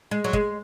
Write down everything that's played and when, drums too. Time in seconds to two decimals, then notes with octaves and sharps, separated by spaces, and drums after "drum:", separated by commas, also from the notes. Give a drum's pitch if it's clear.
0.11 G#3
0.24 F#3
0.33 G#3, drum: kick